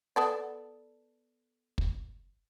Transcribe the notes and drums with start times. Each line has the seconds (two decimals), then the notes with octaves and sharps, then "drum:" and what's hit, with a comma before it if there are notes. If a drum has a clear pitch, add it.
0.16 B3 A4 D5
1.78 drum: kick